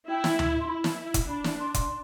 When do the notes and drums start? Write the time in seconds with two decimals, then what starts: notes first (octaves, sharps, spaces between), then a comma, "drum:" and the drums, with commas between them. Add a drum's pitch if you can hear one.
0.09 E4 G5
0.24 drum: snare
0.39 drum: tom D2
0.61 C6
0.69 E4 B5
0.84 drum: snare
1.14 drum: kick E1, hi-hat
1.29 D4 B5
1.44 drum: snare
1.60 C6
1.74 C6, drum: kick E1, hi-hat